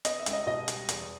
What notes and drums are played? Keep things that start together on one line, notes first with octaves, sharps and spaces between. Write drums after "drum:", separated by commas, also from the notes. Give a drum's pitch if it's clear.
B3 D#5, drum: hi-hat
E5
C#2, drum: hi-hat
D#5
B2 D#5
G3, drum: hi-hat
E2, drum: hi-hat